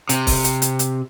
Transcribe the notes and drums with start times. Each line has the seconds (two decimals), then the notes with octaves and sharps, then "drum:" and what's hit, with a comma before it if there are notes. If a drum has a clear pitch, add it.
0.09 C3, drum: hi-hat
0.27 drum: kick, open hi-hat
0.44 drum: hi-hat
0.62 drum: hi-hat
0.79 drum: hi-hat